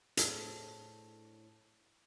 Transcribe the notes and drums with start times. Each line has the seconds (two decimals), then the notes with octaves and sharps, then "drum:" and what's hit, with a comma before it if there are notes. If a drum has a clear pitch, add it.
0.17 A2 C4 D4 G#4 A4, drum: hi-hat